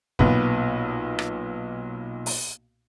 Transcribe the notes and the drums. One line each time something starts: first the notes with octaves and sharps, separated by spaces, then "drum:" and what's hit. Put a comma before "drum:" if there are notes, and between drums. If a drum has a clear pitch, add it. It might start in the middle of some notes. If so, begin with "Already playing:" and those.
B1 A#2 B3, drum: kick
drum: rim click
drum: open hi-hat